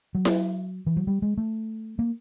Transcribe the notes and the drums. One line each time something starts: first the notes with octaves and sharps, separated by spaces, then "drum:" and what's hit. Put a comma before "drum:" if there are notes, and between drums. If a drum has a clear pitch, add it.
F#3
drum: snare E4
E3
F#3
G3
G#3
A3
A#3